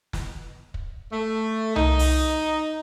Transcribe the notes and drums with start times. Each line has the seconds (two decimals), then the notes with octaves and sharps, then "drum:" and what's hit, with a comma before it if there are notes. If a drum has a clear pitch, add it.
0.13 drum: snare
0.74 drum: kick
1.12 A3
1.76 D#4, drum: tom C2
1.99 drum: open hi-hat